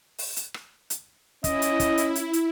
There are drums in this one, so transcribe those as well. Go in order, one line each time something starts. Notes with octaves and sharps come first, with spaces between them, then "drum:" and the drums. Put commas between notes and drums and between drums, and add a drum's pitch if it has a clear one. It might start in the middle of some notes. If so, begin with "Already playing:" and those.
drum: open hi-hat
drum: hi-hat
drum: rim click
drum: hi-hat
C#4 E4 D#5, drum: kick, hi-hat
drum: hi-hat
drum: kick, hi-hat
drum: hi-hat
drum: hi-hat
drum: hi-hat